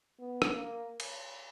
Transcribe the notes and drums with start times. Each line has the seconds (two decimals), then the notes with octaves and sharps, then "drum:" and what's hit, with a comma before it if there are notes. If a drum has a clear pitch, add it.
0.20 B3
0.42 drum: rim click
0.54 A#3
1.00 drum: cymbal